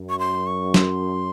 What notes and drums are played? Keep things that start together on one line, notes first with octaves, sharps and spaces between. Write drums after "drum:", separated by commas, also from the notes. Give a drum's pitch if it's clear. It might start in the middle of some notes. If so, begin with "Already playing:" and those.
Already playing: F#2
C#6
C6
C#6
C6, drum: snare